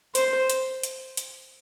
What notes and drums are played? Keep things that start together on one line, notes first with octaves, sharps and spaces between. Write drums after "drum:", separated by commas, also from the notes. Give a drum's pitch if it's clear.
C5, drum: hi-hat
drum: hi-hat
drum: hi-hat
drum: hi-hat